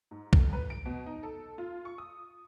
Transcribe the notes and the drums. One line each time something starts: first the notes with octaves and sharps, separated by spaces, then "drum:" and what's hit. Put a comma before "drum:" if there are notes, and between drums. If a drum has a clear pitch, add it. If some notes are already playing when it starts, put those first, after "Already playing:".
G#2
D2, drum: kick B1
B4
D7
B2
D#4
A4
F4
C#6
D#6